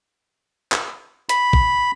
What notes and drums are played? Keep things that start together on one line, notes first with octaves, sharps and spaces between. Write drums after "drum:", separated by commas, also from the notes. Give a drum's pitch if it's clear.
drum: clap
B5, drum: hi-hat
drum: kick